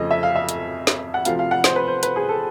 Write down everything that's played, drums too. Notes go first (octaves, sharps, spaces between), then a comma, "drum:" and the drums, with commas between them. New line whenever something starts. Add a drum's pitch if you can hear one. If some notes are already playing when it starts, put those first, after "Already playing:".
Already playing: F2 C#3 F3 A3 D#5
E5
F5
E5
drum: hi-hat
drum: snare
F#5
D2 C3 F3 F5, drum: hi-hat
F5
F#5
C5, drum: snare
B4
C5
B4, drum: hi-hat
G#4
A4